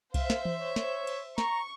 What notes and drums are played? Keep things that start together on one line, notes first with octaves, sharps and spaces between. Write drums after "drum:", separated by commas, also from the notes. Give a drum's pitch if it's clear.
C5 E5 F5, drum: kick C2, cymbal
drum: snare
drum: tom E3
C#5
drum: snare
drum: cymbal
A#5 C#6, drum: snare